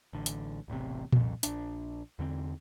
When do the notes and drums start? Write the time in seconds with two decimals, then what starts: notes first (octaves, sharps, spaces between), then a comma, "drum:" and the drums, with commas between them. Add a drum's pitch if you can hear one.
0.13 A1 D3
0.26 drum: hi-hat
0.68 E1 A1 E2 C3
1.13 C2 F2, drum: tom A#2
1.43 A#1 D4, drum: hi-hat
2.19 E2 D3 C4